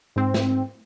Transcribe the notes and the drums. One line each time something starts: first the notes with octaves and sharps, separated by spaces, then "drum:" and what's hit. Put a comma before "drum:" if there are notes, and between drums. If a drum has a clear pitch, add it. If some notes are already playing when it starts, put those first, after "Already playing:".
G#2 C4
drum: snare